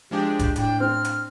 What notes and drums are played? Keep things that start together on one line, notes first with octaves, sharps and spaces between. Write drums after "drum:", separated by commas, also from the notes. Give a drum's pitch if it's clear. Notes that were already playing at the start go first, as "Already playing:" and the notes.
F3 G#3 D4 G4
drum: kick E1, hi-hat
A2 D4 G5, drum: hi-hat
C4 F6
drum: hi-hat